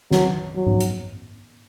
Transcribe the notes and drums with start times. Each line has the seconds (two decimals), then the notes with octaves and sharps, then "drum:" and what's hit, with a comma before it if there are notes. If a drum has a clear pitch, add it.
0.11 F#3, drum: snare
0.56 F#3
0.67 drum: tom G#2
0.80 drum: hi-hat